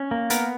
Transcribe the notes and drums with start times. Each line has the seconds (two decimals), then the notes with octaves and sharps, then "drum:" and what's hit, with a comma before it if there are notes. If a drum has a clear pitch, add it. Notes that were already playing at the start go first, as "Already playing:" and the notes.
Already playing: C#4
0.11 A#3
0.30 B3 A#4, drum: hi-hat